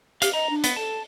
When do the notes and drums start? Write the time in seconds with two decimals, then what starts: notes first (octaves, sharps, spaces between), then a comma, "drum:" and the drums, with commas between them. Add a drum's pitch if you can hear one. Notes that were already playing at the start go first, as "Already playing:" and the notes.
0.22 G4 F5 F6, drum: hi-hat
0.33 D#5 A#5
0.50 D4
0.64 B3, drum: hi-hat
0.76 A4 A5